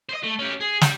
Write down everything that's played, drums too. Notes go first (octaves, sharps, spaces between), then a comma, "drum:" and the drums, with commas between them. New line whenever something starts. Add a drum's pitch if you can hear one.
C5 D#5
A3
C#4 G4
G#4
G3, drum: snare